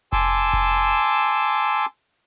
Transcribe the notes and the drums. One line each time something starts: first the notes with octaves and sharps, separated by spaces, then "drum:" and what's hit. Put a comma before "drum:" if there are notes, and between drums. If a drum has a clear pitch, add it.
G#5 A5 C6 D6 E6, drum: kick F1
drum: kick F1